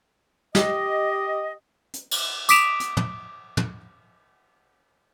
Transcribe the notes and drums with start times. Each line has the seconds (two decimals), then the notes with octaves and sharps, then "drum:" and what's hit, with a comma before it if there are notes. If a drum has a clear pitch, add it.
0.55 G4 D#5, drum: snare
1.94 drum: hi-hat
2.11 drum: cymbal
2.49 D6 D#6 B6 D7 E7 F7, drum: tambourine
2.80 drum: hi-hat
2.97 drum: tom
3.57 drum: tom